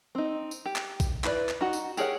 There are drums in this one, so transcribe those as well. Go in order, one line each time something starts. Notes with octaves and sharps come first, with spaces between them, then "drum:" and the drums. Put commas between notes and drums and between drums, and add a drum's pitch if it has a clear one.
C4 D#4
drum: tambourine
G4
drum: clap
drum: kick A#1, tambourine
E4 B4 D5, drum: clap
drum: clap
D#4 F#4
drum: tambourine
G4 G#4 A#4 C#5 F#5, drum: tambourine